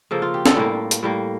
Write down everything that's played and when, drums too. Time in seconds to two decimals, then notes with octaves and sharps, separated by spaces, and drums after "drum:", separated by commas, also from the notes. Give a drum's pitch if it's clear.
0.11 C#3 F3 A#3 A4
0.22 F4
0.34 G4
0.46 A4, drum: snare
0.56 A2 G3 A#3
0.91 drum: hi-hat
1.03 A2 G3 A#3